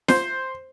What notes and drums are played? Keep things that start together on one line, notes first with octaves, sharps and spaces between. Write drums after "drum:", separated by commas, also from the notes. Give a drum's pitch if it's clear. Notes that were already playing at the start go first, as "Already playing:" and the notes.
C5, drum: snare